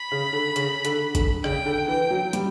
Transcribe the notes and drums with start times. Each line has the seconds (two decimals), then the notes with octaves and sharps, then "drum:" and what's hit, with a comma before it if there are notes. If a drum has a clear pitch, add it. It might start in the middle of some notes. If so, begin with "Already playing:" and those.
Already playing: B5
0.12 C#3
0.33 D3
0.56 C#3, drum: hi-hat
0.85 D3, drum: hi-hat
1.15 D3, drum: kick, hi-hat
1.44 C#3 G5, drum: rim click
1.66 D3
1.88 E3 G5
2.10 F#3
2.33 G3, drum: hi-hat